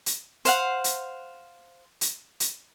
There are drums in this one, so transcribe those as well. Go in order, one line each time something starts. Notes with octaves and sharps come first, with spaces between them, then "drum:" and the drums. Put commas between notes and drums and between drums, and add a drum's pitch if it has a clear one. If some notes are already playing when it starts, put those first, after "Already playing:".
drum: hi-hat
C5 F5 F#5, drum: hi-hat
drum: hi-hat
drum: hi-hat
drum: hi-hat